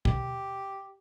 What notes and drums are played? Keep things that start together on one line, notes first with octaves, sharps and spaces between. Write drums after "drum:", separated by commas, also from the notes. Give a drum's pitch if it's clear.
G4, drum: kick